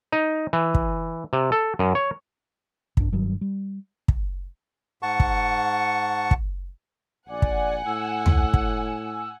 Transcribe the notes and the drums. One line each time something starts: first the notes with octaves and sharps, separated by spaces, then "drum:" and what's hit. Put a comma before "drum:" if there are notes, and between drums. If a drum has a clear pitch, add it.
D#4
E3
drum: kick
C3
A4
F#2
C#5
B1 G2 D4, drum: kick
G2 D#3 F#3
G3
drum: kick
G#2 F#5 A5 C#6
drum: kick
drum: kick
A#1 D5 F#5 G#5
drum: kick
A2 E6
drum: tom
drum: kick